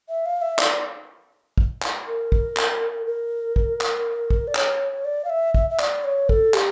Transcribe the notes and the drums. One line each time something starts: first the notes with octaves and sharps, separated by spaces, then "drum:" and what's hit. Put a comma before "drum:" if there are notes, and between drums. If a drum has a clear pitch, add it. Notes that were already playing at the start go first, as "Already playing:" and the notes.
E5
F5
E5
D5, drum: clap
drum: kick
drum: clap
A#4
drum: kick
drum: clap
A#4
drum: kick
drum: clap
drum: kick
D5
C#5, drum: clap
D5
F5
E5
E5, drum: kick
E5
D5, drum: clap
C#5
A4, drum: kick
G4, drum: clap